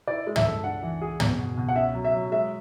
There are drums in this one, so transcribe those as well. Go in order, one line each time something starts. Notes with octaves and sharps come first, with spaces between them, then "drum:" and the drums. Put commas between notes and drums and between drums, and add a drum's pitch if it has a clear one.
E4 D5
G#3
E5, drum: tom
A4
D4 F#5
E3
G#4
B3, drum: tom
B2
B2
F#5
C#4 E5
F#3
E5
F#3
G#3 E5